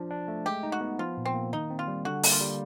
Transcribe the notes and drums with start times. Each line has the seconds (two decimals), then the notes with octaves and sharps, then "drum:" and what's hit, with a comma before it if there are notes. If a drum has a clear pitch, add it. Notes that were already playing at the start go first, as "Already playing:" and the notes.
Already playing: F3 D4
0.10 D4
0.28 A3
0.46 G#3 G4
0.63 D#4
0.72 F#4
0.81 B3
0.99 F3 F4
1.17 A#2
1.25 C4
1.34 A#3
1.53 D#3 D#4
1.70 C4
1.79 F4
1.87 G3
2.05 D3 F#4
2.23 A#3, drum: open hi-hat
2.32 F4
2.41 G3